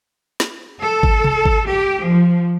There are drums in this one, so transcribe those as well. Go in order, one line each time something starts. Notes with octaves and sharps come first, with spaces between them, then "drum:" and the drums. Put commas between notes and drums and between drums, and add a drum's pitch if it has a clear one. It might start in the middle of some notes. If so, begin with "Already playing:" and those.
drum: snare
A4
drum: kick G#1
drum: tom C3
drum: kick G#1
G4
F3